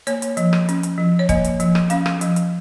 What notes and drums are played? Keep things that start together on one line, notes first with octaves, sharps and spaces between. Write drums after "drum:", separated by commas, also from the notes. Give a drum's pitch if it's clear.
A#3 C#5, drum: hi-hat
drum: hi-hat
F3, drum: hi-hat
drum: rim click
C#4, drum: hi-hat
drum: hi-hat
F3
C#5
A#3 D#5, drum: kick, hi-hat
drum: hi-hat
F3, drum: hi-hat
drum: rim click
C#4 F5, drum: hi-hat
drum: rim click
F3, drum: hi-hat
drum: hi-hat